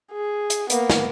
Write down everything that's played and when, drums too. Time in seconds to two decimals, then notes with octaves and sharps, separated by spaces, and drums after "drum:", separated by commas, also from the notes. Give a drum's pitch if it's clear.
0.13 G#4
0.50 drum: hi-hat
0.70 A#3 B3, drum: hi-hat
0.90 drum: snare